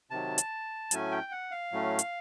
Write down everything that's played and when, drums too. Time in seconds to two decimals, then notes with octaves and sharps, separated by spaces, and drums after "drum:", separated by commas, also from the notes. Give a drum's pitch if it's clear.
0.10 C3 D#3 F#3 A5
0.38 drum: hi-hat
0.91 A2 F#3 A3 C#4 G#5, drum: hi-hat
1.12 G5
1.32 F#5
1.51 F5
1.72 A2 F#3 A3 C#4
1.99 drum: hi-hat